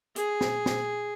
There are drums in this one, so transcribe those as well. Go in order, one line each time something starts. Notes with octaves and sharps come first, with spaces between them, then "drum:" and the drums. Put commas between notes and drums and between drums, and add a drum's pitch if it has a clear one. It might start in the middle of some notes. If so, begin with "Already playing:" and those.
G#4, drum: hi-hat
drum: snare
drum: snare